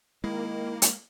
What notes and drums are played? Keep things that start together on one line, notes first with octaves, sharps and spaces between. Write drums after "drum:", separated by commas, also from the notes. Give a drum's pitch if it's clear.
D#3 G#3 A#3 E4
drum: hi-hat